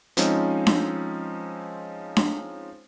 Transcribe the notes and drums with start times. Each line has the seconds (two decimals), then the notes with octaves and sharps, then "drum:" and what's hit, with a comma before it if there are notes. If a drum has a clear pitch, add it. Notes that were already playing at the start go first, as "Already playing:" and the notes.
0.17 F3 G#3 C4 C#4 D#4, drum: hi-hat
0.67 drum: snare D4
2.17 drum: snare D4